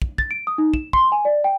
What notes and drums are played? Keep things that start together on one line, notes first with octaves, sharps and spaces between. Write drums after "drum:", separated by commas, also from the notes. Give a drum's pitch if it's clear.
drum: kick
A6, drum: kick
D7
D#6
D#4
E7, drum: kick
C6, drum: kick
G#5
D5
G5